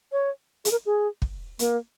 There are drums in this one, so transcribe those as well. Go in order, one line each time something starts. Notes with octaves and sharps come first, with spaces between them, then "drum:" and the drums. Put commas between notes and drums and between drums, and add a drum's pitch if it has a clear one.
C#5
G#4, drum: hi-hat
A#4
G#4
drum: kick
A#3, drum: hi-hat